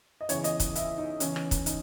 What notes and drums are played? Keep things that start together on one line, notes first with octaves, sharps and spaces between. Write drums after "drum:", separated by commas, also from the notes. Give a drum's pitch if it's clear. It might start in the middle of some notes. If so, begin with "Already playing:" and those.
D#5
E2 C#3 E3 C#5, drum: hi-hat
D#5, drum: hi-hat
drum: kick, hi-hat
E4, drum: hi-hat
D#4
E2 C#3 E3 C#4, drum: hi-hat
drum: rim click
drum: kick, hi-hat
D#4, drum: hi-hat